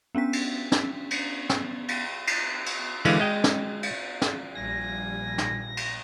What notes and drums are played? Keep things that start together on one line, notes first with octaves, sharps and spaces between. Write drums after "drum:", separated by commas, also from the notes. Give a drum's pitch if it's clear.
B3 C#4 D4 B6
drum: cymbal
drum: snare
drum: cymbal
drum: snare
drum: cymbal
drum: cymbal
drum: cymbal
D3 E3 G#3 D5 F5, drum: cymbal
G#3 D#5 G5
drum: snare
drum: cymbal
drum: snare
A#1 G3 G#5 A#6
drum: snare
drum: cymbal